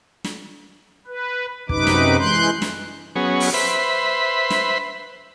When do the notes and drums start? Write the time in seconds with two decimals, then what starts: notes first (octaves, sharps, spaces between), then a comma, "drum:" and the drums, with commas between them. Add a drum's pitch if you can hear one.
0.24 drum: snare
1.07 B4
1.69 F#2 C3 D#4 B4 D6, drum: kick
1.87 drum: snare
2.19 E3 G#3 C6 F#6 G6
2.62 drum: snare
3.16 F#3 B3 C#4 G#4
3.40 drum: open hi-hat
3.54 B4 C5 E5 B5
4.50 drum: snare